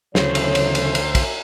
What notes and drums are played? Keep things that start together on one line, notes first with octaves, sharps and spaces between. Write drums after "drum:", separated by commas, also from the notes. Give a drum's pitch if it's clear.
D2 C#3 E3 F#3 A4 C5 C#5, drum: snare
drum: cymbal
drum: cymbal
drum: cymbal
drum: cymbal
drum: kick, cymbal